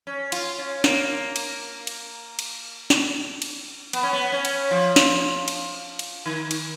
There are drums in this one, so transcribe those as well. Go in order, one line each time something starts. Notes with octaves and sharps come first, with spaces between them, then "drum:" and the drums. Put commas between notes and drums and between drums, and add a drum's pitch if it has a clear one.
C#4
F4, drum: cymbal
C#4
A#3, drum: snare
drum: cymbal
drum: cymbal
drum: cymbal
drum: snare
drum: cymbal
B3, drum: cymbal
C#4
B3
C#4
drum: cymbal
F3
drum: snare
drum: cymbal
drum: cymbal
D#3
drum: cymbal